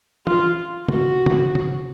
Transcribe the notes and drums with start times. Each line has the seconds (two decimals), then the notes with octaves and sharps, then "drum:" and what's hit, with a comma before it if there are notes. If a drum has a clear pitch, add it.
0.27 F4, drum: tom
0.88 F#4, drum: tom
1.26 drum: tom
1.55 drum: tom